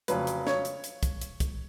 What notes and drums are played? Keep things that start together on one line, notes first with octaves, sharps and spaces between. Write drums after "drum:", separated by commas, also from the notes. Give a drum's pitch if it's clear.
F1 F2 C#3 F#3 B4, drum: hi-hat
drum: hi-hat
C#5, drum: snare
drum: hi-hat
drum: hi-hat
drum: kick, hi-hat
drum: hi-hat
drum: kick, hi-hat